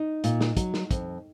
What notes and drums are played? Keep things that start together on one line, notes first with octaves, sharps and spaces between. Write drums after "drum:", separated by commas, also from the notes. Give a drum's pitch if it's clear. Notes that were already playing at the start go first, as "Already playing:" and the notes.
Already playing: D#4
A#2, drum: hi-hat
drum: snare
F#3, drum: kick, hi-hat
drum: snare
F2, drum: kick, hi-hat